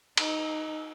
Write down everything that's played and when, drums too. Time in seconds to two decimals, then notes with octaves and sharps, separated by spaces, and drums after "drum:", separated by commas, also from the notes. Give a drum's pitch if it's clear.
0.17 D#4, drum: cymbal